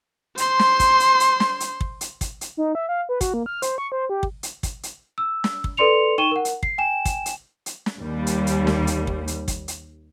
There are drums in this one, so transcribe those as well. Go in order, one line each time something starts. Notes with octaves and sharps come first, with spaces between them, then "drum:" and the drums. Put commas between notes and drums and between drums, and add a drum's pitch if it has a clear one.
C5 C6, drum: hi-hat
drum: snare
drum: kick, hi-hat
drum: hi-hat
drum: hi-hat
drum: snare
drum: hi-hat
drum: kick
drum: hi-hat
drum: kick, hi-hat
drum: hi-hat
D#4
E5
F5
B4
F#4, drum: kick, hi-hat
A#3
F6
C5, drum: hi-hat
C#6
C5
G4
drum: kick
drum: hi-hat
drum: kick, hi-hat
drum: hi-hat
E6
drum: snare
drum: kick
A4 B4 D5 C6 C#7 F7
D#4 G5 C#6 D#7 E7 G7
A#4 F#5
drum: hi-hat
C7, drum: kick
G5 G#5 E7
drum: kick, hi-hat
drum: hi-hat
drum: hi-hat
drum: snare
D#2 G3
drum: hi-hat
drum: hi-hat
drum: snare
drum: hi-hat
drum: kick
drum: hi-hat
drum: kick, hi-hat
drum: hi-hat